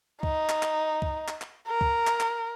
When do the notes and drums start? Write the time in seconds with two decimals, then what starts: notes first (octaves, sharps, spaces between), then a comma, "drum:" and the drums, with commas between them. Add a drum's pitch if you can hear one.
0.23 D#4, drum: kick C#2
0.49 drum: clap
0.63 drum: clap
1.02 drum: kick C#2
1.28 drum: clap
1.41 drum: clap
1.68 A#4
1.81 drum: kick C#2
2.07 drum: clap
2.20 drum: clap